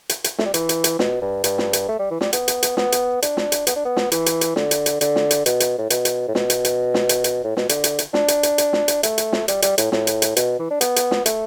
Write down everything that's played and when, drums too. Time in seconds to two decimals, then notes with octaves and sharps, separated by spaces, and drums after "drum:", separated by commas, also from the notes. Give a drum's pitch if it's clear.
0.09 drum: hi-hat
0.24 drum: hi-hat
0.39 A3, drum: snare
0.46 G3
0.54 E3, drum: hi-hat
0.69 drum: hi-hat
0.84 drum: hi-hat
0.99 B2, drum: snare
1.22 G2
1.44 G2, drum: hi-hat
1.58 drum: snare
1.73 drum: hi-hat
1.89 A3
1.99 G3
2.11 E3
2.21 G3, drum: snare
2.33 B3, drum: hi-hat
2.48 drum: hi-hat
2.63 drum: hi-hat
2.77 B3, drum: snare
2.92 drum: hi-hat
3.22 D4, drum: hi-hat
3.37 drum: snare
3.52 drum: hi-hat
3.67 B3, drum: hi-hat
3.76 D4
3.85 B3
3.97 drum: snare
4.12 E3, drum: hi-hat
4.26 drum: hi-hat
4.41 drum: hi-hat
4.56 D3, drum: snare
4.71 drum: hi-hat
4.86 drum: hi-hat
5.01 D3, drum: hi-hat
5.16 drum: snare
5.31 drum: hi-hat
5.46 B2, drum: hi-hat
5.60 drum: hi-hat
5.79 A2
5.90 B2, drum: hi-hat
6.05 drum: hi-hat
6.28 A2
6.35 B2, drum: snare
6.50 drum: hi-hat
6.65 drum: hi-hat
6.94 drum: snare
7.09 drum: hi-hat
7.24 drum: hi-hat
7.44 A2
7.57 B2, drum: snare
7.69 D3, drum: hi-hat
7.84 drum: hi-hat
7.99 drum: hi-hat
8.14 D4, drum: snare
8.28 drum: hi-hat
8.43 drum: hi-hat
8.58 drum: hi-hat
8.73 drum: snare
8.88 drum: hi-hat
9.03 A3, drum: hi-hat
9.18 drum: hi-hat
9.33 drum: snare
9.48 G3, drum: hi-hat
9.62 G3, drum: hi-hat
9.78 A2, drum: hi-hat
9.92 A2, drum: snare
10.07 drum: hi-hat
10.22 drum: hi-hat
10.37 B2, drum: hi-hat
10.60 E3
10.71 D4
10.81 B3, drum: hi-hat
10.96 drum: hi-hat
11.11 drum: snare
11.26 A3, drum: hi-hat